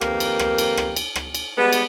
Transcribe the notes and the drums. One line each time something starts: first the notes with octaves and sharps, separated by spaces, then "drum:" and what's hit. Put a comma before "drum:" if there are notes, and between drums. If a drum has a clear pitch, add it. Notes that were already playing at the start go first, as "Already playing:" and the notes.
F2 D#3 A#3 G4 B4, drum: rim click
drum: cymbal
drum: rim click
drum: cymbal
drum: rim click
drum: cymbal
drum: rim click
drum: cymbal
G3 G#3 B3
drum: cymbal